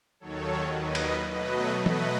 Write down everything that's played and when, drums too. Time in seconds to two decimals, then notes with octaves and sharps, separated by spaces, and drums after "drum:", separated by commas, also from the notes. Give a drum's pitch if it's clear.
0.20 D#2 D#3 F#3 A4 C#5
0.75 B4 D#5
0.95 drum: cymbal
1.31 B2 F#3 A3 B4 D#5
1.86 B4 D#5, drum: tom E3